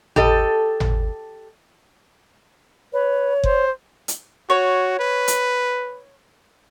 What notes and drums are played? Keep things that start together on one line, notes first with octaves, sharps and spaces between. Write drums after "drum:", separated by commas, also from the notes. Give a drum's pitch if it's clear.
G4 A4 D#5, drum: tom G#1
drum: tom G#1
B4 C#5
C5, drum: kick F#1
drum: hi-hat
F#4 C#5
B4
drum: hi-hat